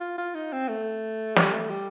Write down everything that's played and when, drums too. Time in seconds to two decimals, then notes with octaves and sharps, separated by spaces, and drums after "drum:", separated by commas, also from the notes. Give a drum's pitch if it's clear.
0.01 F4
0.18 F4
0.35 D#4
0.53 C4
0.69 A3
1.36 G3, drum: snare
1.53 A3
1.70 G3